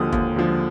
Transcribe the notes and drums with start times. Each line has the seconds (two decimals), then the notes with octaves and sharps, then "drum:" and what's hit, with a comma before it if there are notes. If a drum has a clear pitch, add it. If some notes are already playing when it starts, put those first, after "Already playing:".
Already playing: D#2 D3 F3 D#6
0.13 D#2, drum: kick F1
0.36 D3 F3